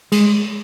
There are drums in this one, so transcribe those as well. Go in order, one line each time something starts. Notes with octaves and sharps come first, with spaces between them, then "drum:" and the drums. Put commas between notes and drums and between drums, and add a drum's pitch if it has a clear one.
G#3, drum: cymbal